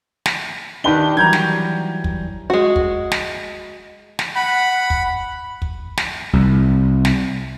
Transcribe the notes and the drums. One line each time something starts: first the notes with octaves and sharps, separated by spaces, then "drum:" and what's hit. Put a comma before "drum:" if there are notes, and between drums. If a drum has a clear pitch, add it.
drum: snare
D#3 D4 G4 B4 G7
E3 F#3 G3 A#5 G6 G#6
drum: snare
drum: kick
G#3 F#4
drum: kick
drum: snare
drum: snare
F#5 B5
drum: kick
drum: kick
drum: snare
C2
drum: snare